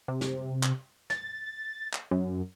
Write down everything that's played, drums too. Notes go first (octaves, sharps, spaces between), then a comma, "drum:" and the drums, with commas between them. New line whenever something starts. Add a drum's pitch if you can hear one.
C3
drum: snare
drum: clap
A6, drum: snare
drum: clap
F#2